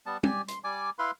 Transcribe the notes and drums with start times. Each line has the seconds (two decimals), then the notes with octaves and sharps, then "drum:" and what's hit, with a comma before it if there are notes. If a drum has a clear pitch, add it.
0.06 G3 B3 A5
0.23 G4 D5 G#5, drum: tom
0.48 C6, drum: hi-hat
0.64 G3 D5 G#5 D6
0.99 E4 B4 F5 C6